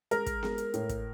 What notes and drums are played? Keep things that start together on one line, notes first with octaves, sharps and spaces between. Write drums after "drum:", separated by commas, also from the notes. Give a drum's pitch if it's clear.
G#3 A#4, drum: hi-hat
drum: kick, hi-hat
G#3, drum: snare B3
drum: hi-hat
A2, drum: hi-hat
drum: kick, hi-hat